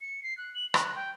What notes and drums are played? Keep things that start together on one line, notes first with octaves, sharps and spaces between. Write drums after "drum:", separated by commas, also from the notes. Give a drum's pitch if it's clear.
C#7
C7
F#6
F#7
F#6, drum: rim click
G5